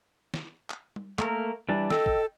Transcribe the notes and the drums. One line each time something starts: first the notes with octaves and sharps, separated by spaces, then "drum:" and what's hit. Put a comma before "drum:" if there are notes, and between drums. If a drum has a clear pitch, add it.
drum: snare
drum: clap
drum: tom G3
A3 A#3 A#4, drum: clap
E3 G3 D4
A4 D#5 G5 E6, drum: snare
drum: kick